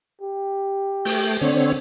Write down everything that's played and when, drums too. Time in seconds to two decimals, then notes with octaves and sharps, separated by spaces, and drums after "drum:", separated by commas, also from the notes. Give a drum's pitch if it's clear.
0.21 G4
1.05 A3 G5, drum: open hi-hat
1.41 D3 C4 C#5 D5